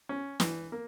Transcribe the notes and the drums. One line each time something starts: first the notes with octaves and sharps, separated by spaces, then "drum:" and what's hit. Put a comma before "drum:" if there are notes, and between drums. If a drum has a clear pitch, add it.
C#4
E3, drum: snare
A#3